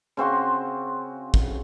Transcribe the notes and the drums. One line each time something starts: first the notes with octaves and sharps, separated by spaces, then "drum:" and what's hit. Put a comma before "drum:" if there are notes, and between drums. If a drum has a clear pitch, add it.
C#3 C4 F#4 C6
drum: kick